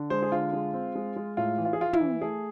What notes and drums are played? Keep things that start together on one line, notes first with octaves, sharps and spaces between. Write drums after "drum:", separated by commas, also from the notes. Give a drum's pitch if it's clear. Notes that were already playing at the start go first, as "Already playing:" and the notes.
Already playing: D3
G#3 C5
G#4
D3 F4
G#3
C4
G#3
G#3
A2 F4
E3
F4
G#4
E3 F4
E4, drum: tom
E3
A3 G#4